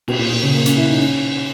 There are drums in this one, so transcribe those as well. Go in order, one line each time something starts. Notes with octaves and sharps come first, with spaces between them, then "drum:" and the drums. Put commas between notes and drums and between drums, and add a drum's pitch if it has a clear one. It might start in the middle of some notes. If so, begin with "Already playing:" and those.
B2, drum: cymbal
A#2
A#2
C#3
A#3
C#4, drum: hi-hat
E4
D#4
C#4